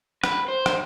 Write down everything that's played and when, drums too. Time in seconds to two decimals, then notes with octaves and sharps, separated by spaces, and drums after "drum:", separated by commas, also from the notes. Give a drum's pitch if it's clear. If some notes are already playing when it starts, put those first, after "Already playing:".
0.24 B4, drum: rim click
0.49 C5
0.66 drum: rim click